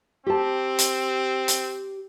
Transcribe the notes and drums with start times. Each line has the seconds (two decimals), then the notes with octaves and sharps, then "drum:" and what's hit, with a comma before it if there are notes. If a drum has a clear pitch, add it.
0.26 C4 G4 A5
0.79 drum: hi-hat
1.48 drum: hi-hat